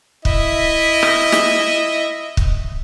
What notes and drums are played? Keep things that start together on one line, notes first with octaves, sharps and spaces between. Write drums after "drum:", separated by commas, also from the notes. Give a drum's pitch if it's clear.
E4 D#5 E5, drum: kick
drum: rim click
drum: snare
drum: kick